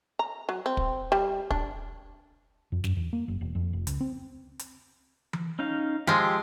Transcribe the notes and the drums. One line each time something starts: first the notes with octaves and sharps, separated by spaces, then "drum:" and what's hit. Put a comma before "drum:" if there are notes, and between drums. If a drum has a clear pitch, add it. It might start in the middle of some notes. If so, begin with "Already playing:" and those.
A#5
F#3
C4
drum: kick
G3
D4, drum: kick
F2
F#2, drum: snare
E2
A#3
F#1
E1
F2
F1
C#2, drum: hi-hat
C4
drum: hi-hat
drum: tom E3
C#4 D#4 F5
F3 G#3 G4 E5